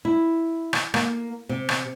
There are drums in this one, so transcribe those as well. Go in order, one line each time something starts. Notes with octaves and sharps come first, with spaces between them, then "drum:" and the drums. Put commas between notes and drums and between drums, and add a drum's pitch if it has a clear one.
E4
drum: rim click
A#3, drum: rim click
C3
drum: rim click